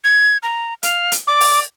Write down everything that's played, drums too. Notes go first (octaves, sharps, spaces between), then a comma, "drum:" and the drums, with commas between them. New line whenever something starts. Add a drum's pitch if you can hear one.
G#6
A#5
F5, drum: hi-hat
drum: hi-hat
D5 D6
drum: open hi-hat